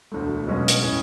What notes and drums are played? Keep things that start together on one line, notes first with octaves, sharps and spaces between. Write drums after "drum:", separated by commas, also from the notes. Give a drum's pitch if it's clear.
E1 D2 D3 A3
B1 B2 G#3 C#4 F#4
drum: hi-hat
A2 G#3 C#4 G#4